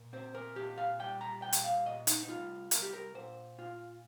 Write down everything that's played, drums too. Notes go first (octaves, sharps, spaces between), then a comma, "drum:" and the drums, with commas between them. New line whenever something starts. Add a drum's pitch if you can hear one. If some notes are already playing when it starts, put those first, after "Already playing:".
Already playing: A#2
C4 C5
A#4
A#2 G4
F5
G3 G5
A#5
A#2 G5
drum: hi-hat
F5
A#2 D#5
D#4, drum: hi-hat
D#4
C2 F4
C2 A#4, drum: hi-hat
G4
A#4
A#2 C5
A#2 F4